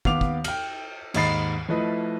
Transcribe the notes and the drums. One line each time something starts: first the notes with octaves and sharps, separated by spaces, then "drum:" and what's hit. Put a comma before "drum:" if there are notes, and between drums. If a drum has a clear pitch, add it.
D#2 B3 F5 D6 F7, drum: kick
drum: kick
G5 F6, drum: cymbal
D#2 G#2 D#5 B5 A6 C7, drum: cymbal
F3 A3 E4 B4 D#5